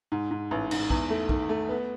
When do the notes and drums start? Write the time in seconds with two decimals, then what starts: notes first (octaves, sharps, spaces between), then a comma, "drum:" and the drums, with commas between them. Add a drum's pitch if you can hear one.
0.12 G#2
0.31 G#2
0.51 A1
0.71 G#2, drum: cymbal
0.90 E2, drum: kick
1.10 A3
1.29 D#3, drum: kick
1.49 A3
1.69 B3